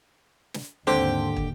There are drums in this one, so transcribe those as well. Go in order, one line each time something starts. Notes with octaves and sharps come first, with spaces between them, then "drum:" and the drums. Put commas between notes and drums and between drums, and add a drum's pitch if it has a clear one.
drum: snare
D#2 G#2 D3 C4 G4 A4 C5
drum: kick